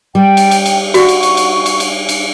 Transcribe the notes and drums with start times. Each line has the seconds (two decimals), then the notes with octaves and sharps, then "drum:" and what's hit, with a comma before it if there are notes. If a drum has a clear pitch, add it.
0.15 G3 G5
0.37 drum: cymbal
0.51 drum: cymbal
0.66 drum: cymbal
0.94 F#4 D5 F#5 C#6, drum: cymbal
1.09 drum: cymbal
1.23 drum: cymbal
1.37 drum: cymbal
1.66 drum: cymbal
1.80 drum: cymbal
2.09 drum: cymbal